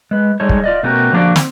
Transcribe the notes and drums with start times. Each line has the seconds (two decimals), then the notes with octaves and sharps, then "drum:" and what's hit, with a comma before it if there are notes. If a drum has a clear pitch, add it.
0.11 G#3 B4
0.40 G3 G#3 D#4 A4 C#5
0.49 drum: kick
0.64 F4 D5 D#5
0.83 B2 A3 C#4 F#4 G4 A#4
1.12 D3 F3 A#3 D4 F#4
1.36 C4, drum: snare